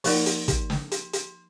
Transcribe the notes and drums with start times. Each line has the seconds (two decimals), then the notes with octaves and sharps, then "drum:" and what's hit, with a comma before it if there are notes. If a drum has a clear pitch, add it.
0.04 F3 A#3 D#4 A#4 D5, drum: open hi-hat
0.26 drum: hi-hat
0.48 drum: kick, hi-hat
0.70 drum: snare
0.91 drum: hi-hat
1.13 drum: hi-hat